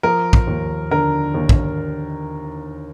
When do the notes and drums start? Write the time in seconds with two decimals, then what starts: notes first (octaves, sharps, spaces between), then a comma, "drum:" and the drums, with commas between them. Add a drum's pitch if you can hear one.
0.03 F3 A#4
0.33 drum: kick
0.47 D#2
0.91 D3 A#4
1.34 D#2
1.49 drum: kick